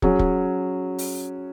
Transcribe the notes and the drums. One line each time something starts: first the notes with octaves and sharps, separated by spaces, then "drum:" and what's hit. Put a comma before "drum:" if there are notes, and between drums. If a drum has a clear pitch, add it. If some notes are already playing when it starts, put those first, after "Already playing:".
F#3 C#4 G#4, drum: kick
drum: kick
drum: open hi-hat